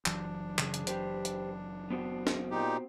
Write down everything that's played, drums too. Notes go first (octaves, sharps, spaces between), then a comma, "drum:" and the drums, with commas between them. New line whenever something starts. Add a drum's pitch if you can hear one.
F#1 E3 F#3 D4, drum: clap
C#3 G#4, drum: clap
drum: hi-hat
G4 B4 C5, drum: hi-hat
drum: hi-hat
B3 C4 F#4
drum: snare
A#2 D#4 G4